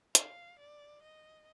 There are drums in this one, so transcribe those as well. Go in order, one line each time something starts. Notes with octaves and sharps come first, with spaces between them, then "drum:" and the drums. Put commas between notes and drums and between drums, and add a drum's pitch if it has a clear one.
F5, drum: hi-hat
D5
D#5